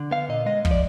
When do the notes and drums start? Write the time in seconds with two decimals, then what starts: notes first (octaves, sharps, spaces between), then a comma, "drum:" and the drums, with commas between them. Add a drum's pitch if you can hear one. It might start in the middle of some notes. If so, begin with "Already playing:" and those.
Already playing: D3
0.11 B3 F5
0.29 A#2 D#5
0.46 G#3 D#5
0.65 F3, drum: kick
0.71 D5